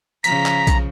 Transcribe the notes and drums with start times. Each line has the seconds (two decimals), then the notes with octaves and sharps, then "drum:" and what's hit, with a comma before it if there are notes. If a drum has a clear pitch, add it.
0.24 C#3 F3 A#5 B6, drum: hi-hat
0.46 drum: clap
0.67 drum: kick B1, hi-hat